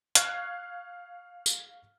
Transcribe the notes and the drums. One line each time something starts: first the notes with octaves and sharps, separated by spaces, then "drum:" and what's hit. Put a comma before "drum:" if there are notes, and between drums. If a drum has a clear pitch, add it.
F5 C#6 F6 F#6 G#6 C7, drum: hi-hat
drum: tambourine